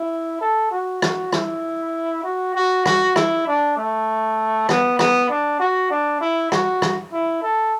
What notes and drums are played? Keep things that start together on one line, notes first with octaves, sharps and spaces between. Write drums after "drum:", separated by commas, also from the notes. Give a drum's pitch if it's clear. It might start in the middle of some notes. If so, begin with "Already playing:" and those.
Already playing: E4
A4
F#4
F#4, drum: rim click
E4, drum: rim click
F#4
F#4
F#4, drum: rim click
E4, drum: rim click
D4
A3
B3, drum: rim click
B3, drum: rim click
D4
F#4
D4
E4
F#4, drum: rim click
drum: rim click
E4
A4